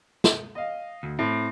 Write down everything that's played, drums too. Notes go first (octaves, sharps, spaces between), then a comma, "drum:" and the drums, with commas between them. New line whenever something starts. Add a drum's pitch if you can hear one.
drum: snare
D#5 F5
D2
A2 C4